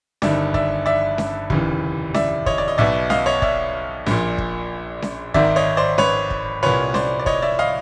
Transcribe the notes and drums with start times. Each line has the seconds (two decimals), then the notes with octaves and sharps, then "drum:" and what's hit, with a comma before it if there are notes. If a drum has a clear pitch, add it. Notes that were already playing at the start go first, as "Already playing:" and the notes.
0.22 G1 G2 D#3 D5 E5, drum: snare C#4
0.54 D5 E5, drum: kick
0.86 D5 E5
1.18 drum: snare C#4
1.50 F1 D#2 C#3 E3, drum: kick
2.14 D5 E5, drum: snare C#4
2.46 C#5 D#5, drum: kick
2.58 D5
2.68 D#5
2.78 B1 B2 D5 E5
3.10 D#5 F5, drum: snare C#4
3.26 C#5 D#5
3.42 D5 E5, drum: kick
4.06 A#1 A#2, drum: snare C#4
4.38 drum: kick
5.02 drum: snare C#4
5.34 G#1 G#2 D#3 D5 E5, drum: kick
5.56 C#5 D#5
5.77 C5 D5
5.98 B4 C#5, drum: snare C#4
6.30 drum: kick
6.63 C2 A#2 B4 C#5
6.94 C5 D5, drum: snare C#4
7.20 D5
7.26 C#5 D#5, drum: kick
7.42 D5 E5
7.59 D#5 F5